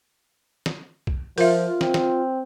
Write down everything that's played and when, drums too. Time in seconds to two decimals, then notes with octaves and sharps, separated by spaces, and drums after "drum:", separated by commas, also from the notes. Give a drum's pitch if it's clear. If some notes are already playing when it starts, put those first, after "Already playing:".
0.66 drum: snare
1.07 drum: kick
1.38 F3 F4 A#4 E5, drum: open hi-hat
1.81 C4, drum: snare
1.94 drum: snare